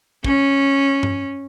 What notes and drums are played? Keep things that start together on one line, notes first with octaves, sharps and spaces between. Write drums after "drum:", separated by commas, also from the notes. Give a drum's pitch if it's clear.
C#4, drum: kick
drum: tom G2